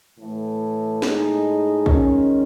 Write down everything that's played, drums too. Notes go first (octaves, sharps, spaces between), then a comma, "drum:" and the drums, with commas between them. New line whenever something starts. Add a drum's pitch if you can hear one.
A2 E3 A3
A2 G#3 D#4 G#4, drum: snare
D#3 G#3 C#4, drum: kick